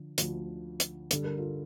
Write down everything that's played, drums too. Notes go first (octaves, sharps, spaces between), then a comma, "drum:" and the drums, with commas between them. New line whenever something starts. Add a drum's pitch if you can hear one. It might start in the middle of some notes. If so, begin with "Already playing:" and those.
Already playing: D3 F3
D2 D3 F3, drum: hi-hat
drum: hi-hat
G2 D3 G3 A4, drum: hi-hat
A#4
F4 A4